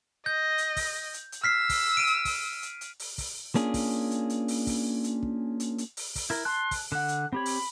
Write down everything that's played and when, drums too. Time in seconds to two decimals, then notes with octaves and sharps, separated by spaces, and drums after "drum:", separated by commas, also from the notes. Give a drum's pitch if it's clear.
0.26 D#5 G6
0.58 drum: hi-hat
0.76 drum: kick, open hi-hat
1.14 drum: hi-hat
1.32 drum: hi-hat
1.44 E6 F6 B6 C7
1.69 drum: kick, open hi-hat
1.97 D7 D#7
2.07 drum: hi-hat
2.25 drum: kick, open hi-hat
2.62 drum: hi-hat
2.81 drum: hi-hat
3.00 drum: open hi-hat
3.18 drum: kick, open hi-hat
3.55 A#3 C#4 D4 F4 G#4, drum: hi-hat
3.74 drum: kick, open hi-hat
4.11 drum: hi-hat
4.30 drum: hi-hat
4.48 drum: open hi-hat
4.67 drum: kick, open hi-hat
5.04 drum: hi-hat
5.23 drum: kick
5.60 drum: hi-hat
5.78 drum: hi-hat
5.97 drum: open hi-hat
6.15 drum: kick, open hi-hat
6.30 E4 A#4
6.45 A5 C6 F#6
6.71 drum: kick, open hi-hat
6.92 D3 F#5 F#6
7.08 drum: hi-hat
7.33 C4 G4 C#5 B5
7.46 drum: open hi-hat